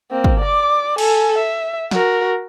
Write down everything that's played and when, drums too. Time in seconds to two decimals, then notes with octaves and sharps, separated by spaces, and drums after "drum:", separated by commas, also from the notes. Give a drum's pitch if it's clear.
0.11 A#3 C4
0.24 drum: kick
0.40 D5 D6
0.98 A4 G#5, drum: cymbal
1.38 E5
1.91 F#4 A#4, drum: snare